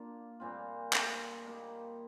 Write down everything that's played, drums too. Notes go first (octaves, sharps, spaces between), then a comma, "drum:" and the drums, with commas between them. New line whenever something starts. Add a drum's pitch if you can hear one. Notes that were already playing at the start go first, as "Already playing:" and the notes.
Already playing: A#3 D4 F4
A#2 G3 C4 F4
drum: clap
A#3 D#4 G4